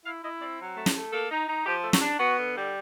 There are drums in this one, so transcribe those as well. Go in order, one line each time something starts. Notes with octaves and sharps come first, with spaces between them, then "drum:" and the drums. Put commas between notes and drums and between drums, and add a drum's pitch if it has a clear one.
E4 F5
E4 D#5
C4 D5
F#3
A3
drum: snare
A3
A#3 A4
D#4
D#4
F3 G4
A3
F#4, drum: snare
D4
B3 F#4
D3
G3